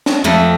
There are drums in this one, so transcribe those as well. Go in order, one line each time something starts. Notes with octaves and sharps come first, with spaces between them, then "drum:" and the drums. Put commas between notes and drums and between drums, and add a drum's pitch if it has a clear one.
drum: snare
F2 A3